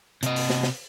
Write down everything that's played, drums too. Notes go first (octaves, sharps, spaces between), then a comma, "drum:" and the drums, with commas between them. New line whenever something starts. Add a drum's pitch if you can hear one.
C3 D#5, drum: hi-hat
drum: open hi-hat
drum: snare
drum: snare